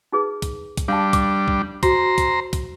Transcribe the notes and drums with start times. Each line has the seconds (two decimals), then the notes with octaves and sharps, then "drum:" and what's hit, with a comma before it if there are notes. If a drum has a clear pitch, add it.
0.12 D#4 G#4 B4
0.42 drum: kick, hi-hat
0.77 drum: kick, hi-hat
0.88 G3 D4 F5 A5
1.13 D6, drum: kick, hi-hat
1.48 drum: kick
1.83 F#4 C5 A#5, drum: kick, hi-hat
2.18 drum: kick, hi-hat
2.53 drum: kick, hi-hat